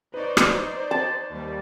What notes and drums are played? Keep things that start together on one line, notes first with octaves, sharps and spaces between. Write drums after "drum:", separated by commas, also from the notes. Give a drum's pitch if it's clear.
D#4 B4 C5 D5 C#6
drum: rim click
A5
D#2 G3